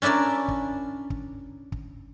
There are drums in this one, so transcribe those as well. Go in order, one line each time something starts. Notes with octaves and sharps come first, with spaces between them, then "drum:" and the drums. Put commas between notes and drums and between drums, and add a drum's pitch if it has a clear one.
C#4 D4 E4 A#4 D5
drum: kick
drum: kick
drum: kick